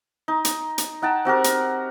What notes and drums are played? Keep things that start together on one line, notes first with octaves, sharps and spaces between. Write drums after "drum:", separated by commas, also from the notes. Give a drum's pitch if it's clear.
D#4
drum: hi-hat
drum: hi-hat
D#4 F#5 G5 A5
C4 F#4 G4 A#4
drum: hi-hat